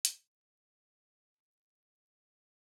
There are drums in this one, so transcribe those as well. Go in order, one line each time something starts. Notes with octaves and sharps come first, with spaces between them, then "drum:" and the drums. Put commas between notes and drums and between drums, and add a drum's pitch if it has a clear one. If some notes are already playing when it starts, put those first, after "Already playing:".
F#2 B2, drum: hi-hat
A#2 C#4 D4 A#4 A5